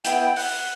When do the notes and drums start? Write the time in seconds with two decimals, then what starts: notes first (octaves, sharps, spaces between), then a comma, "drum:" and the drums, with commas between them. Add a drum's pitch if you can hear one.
0.05 B3 E4 G5, drum: hi-hat
0.21 G5
0.36 F#5, drum: open hi-hat